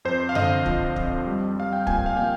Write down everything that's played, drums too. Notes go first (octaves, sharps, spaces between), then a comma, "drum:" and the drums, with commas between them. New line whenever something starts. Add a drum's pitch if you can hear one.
F2 C5
F5
D3 D#5, drum: tom F#2
F3, drum: kick
F2, drum: kick
G3
G3 F5
G5
A#2 G#5, drum: kick
F5
A#2 G5